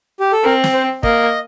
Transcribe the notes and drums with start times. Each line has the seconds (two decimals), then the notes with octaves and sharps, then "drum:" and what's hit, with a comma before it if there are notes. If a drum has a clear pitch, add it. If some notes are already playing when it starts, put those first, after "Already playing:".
0.20 G4
0.32 A4
0.44 C4 A#4
0.64 drum: snare
0.74 C5
1.03 A#3 D#5, drum: kick